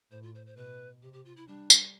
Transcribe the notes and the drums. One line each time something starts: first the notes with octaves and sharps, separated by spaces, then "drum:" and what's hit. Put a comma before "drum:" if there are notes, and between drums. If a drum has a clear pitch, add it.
A2 C5
F4
C5
C5
B2 B4
C3 G4
G4
F4
E4
G3 D4
drum: tambourine